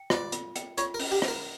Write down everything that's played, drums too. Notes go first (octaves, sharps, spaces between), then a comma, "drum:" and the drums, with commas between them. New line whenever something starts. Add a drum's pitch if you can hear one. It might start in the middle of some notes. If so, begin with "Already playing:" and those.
Already playing: G5
F4 D5, drum: rim click
F4, drum: hi-hat
G5, drum: hi-hat
F4 C#5, drum: hi-hat
A#4
C#4, drum: open hi-hat
G4
C#4, drum: rim click
A#4